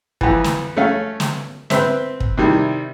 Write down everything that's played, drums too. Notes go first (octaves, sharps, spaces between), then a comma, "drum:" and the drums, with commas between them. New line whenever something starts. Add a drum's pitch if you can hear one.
F2 E3, drum: kick
drum: snare
A3 C#4 F5
drum: snare
C4 B4 C5 E5, drum: snare
drum: kick
C3 D#3 G3 E4